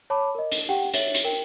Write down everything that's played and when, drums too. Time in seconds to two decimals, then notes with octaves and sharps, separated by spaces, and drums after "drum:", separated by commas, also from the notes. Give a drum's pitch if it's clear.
0.10 C#5 A5 B5 D6
0.35 A#4 D#5
0.52 drum: hi-hat
0.69 G4 F#5 G5
0.94 C#5 E5 A6 F#7, drum: hi-hat
1.15 drum: hi-hat
1.24 A#4 G5